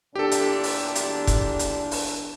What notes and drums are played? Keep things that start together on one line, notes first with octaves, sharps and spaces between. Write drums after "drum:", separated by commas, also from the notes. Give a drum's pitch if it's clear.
E2 A#2 D4 G4 A4
drum: hi-hat
drum: open hi-hat
drum: hi-hat
drum: kick F1, hi-hat
drum: hi-hat
drum: open hi-hat